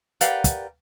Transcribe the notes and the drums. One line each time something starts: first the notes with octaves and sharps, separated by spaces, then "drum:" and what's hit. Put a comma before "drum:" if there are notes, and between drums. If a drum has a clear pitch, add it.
G4 A#4 B4 D5 F5 F#5, drum: hi-hat
drum: kick, hi-hat